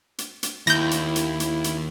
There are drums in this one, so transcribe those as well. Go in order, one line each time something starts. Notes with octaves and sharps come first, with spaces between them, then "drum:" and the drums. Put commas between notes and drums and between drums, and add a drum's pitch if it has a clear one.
drum: hi-hat
drum: hi-hat
D#2 E4 G6 A#6, drum: hi-hat
drum: hi-hat
drum: hi-hat
drum: hi-hat
drum: hi-hat